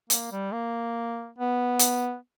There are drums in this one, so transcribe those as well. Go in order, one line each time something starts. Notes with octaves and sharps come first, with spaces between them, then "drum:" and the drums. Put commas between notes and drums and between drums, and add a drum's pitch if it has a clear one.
A#3, drum: hi-hat
G3
A#3
B3
drum: hi-hat